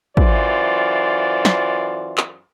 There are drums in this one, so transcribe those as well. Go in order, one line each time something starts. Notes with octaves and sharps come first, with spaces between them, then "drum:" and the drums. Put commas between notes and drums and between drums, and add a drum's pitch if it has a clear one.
F#2 E3 F4 C5 D5, drum: kick
drum: snare
drum: clap